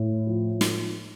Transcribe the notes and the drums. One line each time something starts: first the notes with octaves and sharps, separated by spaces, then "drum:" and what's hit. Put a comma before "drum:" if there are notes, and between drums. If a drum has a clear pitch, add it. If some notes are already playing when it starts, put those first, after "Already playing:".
Already playing: A2
F3
drum: snare